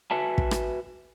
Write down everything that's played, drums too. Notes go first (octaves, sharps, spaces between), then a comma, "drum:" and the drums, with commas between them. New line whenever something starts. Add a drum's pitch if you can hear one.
F#4 B4 E5 G#5 A5
drum: kick
drum: rim click